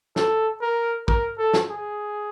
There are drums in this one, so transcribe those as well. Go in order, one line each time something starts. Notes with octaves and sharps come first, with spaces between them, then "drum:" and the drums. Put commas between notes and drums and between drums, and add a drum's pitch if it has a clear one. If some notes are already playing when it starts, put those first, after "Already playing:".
A4, drum: snare
A#4
A#4, drum: kick
A4
drum: snare
G#4